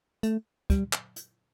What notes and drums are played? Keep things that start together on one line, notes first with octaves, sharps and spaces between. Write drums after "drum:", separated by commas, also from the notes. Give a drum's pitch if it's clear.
A3, drum: hi-hat
G3, drum: kick, hi-hat
drum: clap
drum: hi-hat